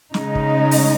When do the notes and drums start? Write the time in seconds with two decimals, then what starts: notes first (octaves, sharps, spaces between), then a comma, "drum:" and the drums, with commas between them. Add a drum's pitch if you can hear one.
0.14 C#3 G#3 D#4, drum: snare
0.35 drum: kick
0.71 drum: open hi-hat